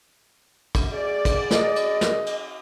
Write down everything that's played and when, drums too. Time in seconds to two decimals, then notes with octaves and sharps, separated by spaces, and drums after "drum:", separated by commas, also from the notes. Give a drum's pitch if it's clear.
0.75 drum: kick, cymbal
0.94 G#4 D5
1.25 drum: kick, cymbal
1.51 D#5, drum: snare
1.76 drum: cymbal
2.01 drum: snare
2.26 drum: cymbal